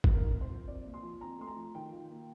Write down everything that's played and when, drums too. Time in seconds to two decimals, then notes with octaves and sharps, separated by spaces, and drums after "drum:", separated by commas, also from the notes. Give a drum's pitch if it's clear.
0.04 drum: kick
0.14 D#4 A#4
0.32 C4
0.41 C5
0.49 F3
0.68 C3 D5
0.85 A#3
0.94 C6
1.03 F3
1.21 C4 A#5
1.39 A3 C6
1.47 A#5
1.56 F3
1.74 D#3 G5
1.92 F4
2.10 A#3